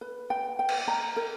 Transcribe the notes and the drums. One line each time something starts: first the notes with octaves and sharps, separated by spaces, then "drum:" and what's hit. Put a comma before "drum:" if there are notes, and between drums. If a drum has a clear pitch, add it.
B4
G5
G5
drum: cymbal
A#5
A#4